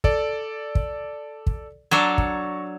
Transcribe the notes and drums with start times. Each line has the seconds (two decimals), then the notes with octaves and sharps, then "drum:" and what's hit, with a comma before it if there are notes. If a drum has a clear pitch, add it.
0.04 A4 D5, drum: kick
0.75 drum: kick
1.47 drum: kick
1.91 F#3 D4 A4 A#5 C#6 G#6
2.18 drum: kick